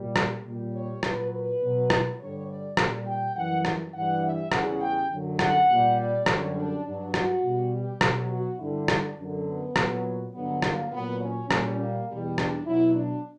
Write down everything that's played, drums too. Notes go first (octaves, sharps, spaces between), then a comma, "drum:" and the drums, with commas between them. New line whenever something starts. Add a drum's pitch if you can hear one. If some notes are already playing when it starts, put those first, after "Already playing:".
Already playing: A#2 G3
drum: rim click
A#2 G3
C#5
A#2 F#3 B4, drum: rim click
B4
B2 F#3
drum: rim click
G2 D3 G3 C#5
D5
A#2 G3, drum: rim click
G5
F#2 E3 G3 F#5
drum: rim click
G2 E3 G3 F#5
E5
E2 C#3 G3 F#5, drum: rim click
G5
F#2 D3 F#3
F#5, drum: rim click
A#2 G3
D5
F#2 D3 G3 C#5, drum: rim click
D4
G2 F#3 D4
F#4, drum: rim click
B2 G3
G4
B2 F#3, drum: rim click
F#4
G2 D3 G3 E4
D4, drum: rim click
F#2 D3 F#3
B3
A#2 F#3, drum: rim click
G2 D3 F#3 B3
A#3, drum: rim click
A#2 F#3 B3
C#4
A#2 G3 C#4, drum: rim click
A#3
E2 B2 G3
D4, drum: rim click
B2 F#3 E4
D4